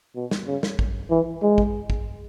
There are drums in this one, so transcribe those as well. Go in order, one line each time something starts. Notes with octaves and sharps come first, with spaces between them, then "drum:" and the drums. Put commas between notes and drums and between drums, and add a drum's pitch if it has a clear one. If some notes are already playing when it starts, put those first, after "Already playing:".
B2
drum: snare
C#3
drum: snare
drum: kick
E3
G#3
drum: kick
drum: kick